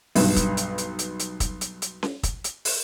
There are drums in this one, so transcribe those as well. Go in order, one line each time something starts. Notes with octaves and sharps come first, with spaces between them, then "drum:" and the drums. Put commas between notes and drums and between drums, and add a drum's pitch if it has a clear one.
B1 G2, drum: open hi-hat
drum: kick, hi-hat
drum: hi-hat
drum: hi-hat
drum: hi-hat
drum: hi-hat
drum: kick, hi-hat
drum: hi-hat
drum: hi-hat
drum: snare C#4
drum: kick, hi-hat
drum: hi-hat
drum: open hi-hat